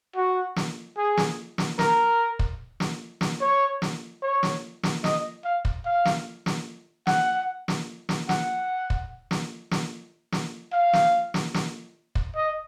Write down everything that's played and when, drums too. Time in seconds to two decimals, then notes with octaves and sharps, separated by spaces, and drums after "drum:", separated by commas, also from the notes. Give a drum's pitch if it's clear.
0.16 F#4
0.56 drum: snare
0.97 G#4
1.17 drum: snare
1.58 drum: snare
1.79 A#4, drum: snare
2.39 drum: kick
2.80 drum: snare
3.21 drum: snare
3.41 C#5
3.82 drum: snare
4.22 C#5
4.43 drum: snare
4.83 drum: snare
5.04 D#5, drum: snare
5.44 F5
5.65 drum: kick
5.85 F5
6.05 drum: snare
6.46 drum: snare
7.07 F#5, drum: snare
7.68 drum: snare
8.09 drum: snare
8.29 F#5, drum: snare
8.90 drum: kick
9.31 drum: snare
9.71 drum: snare
10.32 drum: snare
10.73 F5
10.93 drum: snare
11.34 drum: snare
11.54 drum: snare
12.15 drum: kick
12.36 D#5